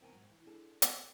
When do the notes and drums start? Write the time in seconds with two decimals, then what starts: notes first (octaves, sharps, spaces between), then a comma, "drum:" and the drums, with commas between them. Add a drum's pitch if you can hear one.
0.01 F2 B2 D#3 C4 A#4 G#5
0.12 G#2 F#3
0.30 E3
0.46 D4 G#4 A4
0.82 C4, drum: hi-hat